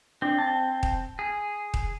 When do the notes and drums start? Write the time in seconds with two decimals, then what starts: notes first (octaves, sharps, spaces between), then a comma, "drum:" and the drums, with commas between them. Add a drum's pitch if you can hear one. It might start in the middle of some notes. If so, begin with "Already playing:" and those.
0.22 C4 D4
0.39 A5
0.83 drum: kick D#1
1.19 G#4
1.74 drum: kick D#1